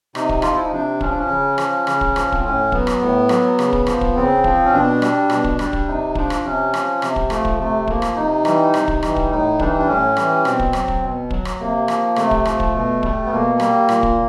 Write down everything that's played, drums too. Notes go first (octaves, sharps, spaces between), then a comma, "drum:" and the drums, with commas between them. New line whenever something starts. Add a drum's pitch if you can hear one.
C3 D#4, drum: rim click
drum: kick
F3 F4, drum: rim click
E4
D#4
C3 D4
F3 C#4, drum: kick
D4
C#4
C#3
F3, drum: rim click
C#3, drum: rim click
drum: kick
F3, drum: rim click
C4, drum: kick
A2 C#4
F#3 B3, drum: kick
drum: rim click
A2
F#3, drum: rim click
C#3, drum: rim click
drum: kick
F3, drum: rim click
drum: kick
C#3 C4
F3, drum: kick
C#4
B2 D4
G3, drum: rim click
B2, drum: rim click
drum: kick
G3, drum: rim click
drum: kick
C3 D#4
F3 D4, drum: kick
drum: rim click
C3 C#4
F3, drum: rim click
C3, drum: rim click
drum: kick
F3 A3, drum: rim click
drum: kick
C3 A3
F3 A#3, drum: kick
drum: rim click
C3 D#4
E3 G3, drum: rim click
C3, drum: rim click
drum: kick
E3 G3, drum: rim click
drum: kick
A2 D#4
E3 G3 D4, drum: kick
D#4
D4
A2 C#4
E3 G3, drum: rim click
B2 C4, drum: rim click
drum: kick
F#3, drum: rim click
drum: kick
B2
F#3, drum: kick
drum: rim click
C3 A#3
F3, drum: rim click
C3 A3, drum: rim click
drum: kick
F3, drum: rim click
drum: kick
B2
G3, drum: kick
B3
B2 A#3
G3, drum: rim click
A#2, drum: rim click
drum: kick